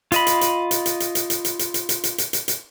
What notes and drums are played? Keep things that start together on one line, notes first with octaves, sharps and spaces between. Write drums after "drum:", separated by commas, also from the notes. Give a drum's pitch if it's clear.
F4 D#5 B5, drum: hi-hat
drum: hi-hat
drum: hi-hat
drum: hi-hat
drum: hi-hat
drum: hi-hat
drum: hi-hat
drum: hi-hat
drum: hi-hat
drum: hi-hat
drum: hi-hat
drum: hi-hat
drum: hi-hat
drum: hi-hat
drum: hi-hat
drum: hi-hat